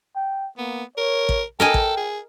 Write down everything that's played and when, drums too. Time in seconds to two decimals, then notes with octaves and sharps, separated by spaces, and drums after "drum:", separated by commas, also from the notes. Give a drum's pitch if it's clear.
0.16 G5
0.58 A#3 B3
0.97 A#4 C#5
1.29 drum: kick
1.60 A4 A#4 D#5 G5 G#5
1.74 drum: kick
1.97 G#4